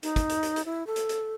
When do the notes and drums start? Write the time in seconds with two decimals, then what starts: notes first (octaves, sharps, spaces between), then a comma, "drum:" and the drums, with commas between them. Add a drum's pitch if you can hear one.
0.03 D#4, drum: hi-hat
0.16 drum: kick, hi-hat
0.29 drum: hi-hat
0.43 drum: hi-hat
0.56 drum: hi-hat
0.65 E4
0.87 A4
0.96 drum: hi-hat
1.09 drum: hi-hat